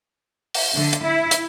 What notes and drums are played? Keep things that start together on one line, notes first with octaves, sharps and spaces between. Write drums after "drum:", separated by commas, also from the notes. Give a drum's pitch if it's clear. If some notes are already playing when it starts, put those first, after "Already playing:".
drum: open hi-hat
D3
drum: hi-hat
E4
drum: hi-hat